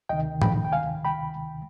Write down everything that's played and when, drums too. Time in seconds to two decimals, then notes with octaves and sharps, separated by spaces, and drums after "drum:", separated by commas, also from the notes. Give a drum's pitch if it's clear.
0.09 D2 C3 D#3 D#5 G5
0.42 G5 B5, drum: tom A2
0.65 G5
0.72 F5 G#5
1.05 G5 B5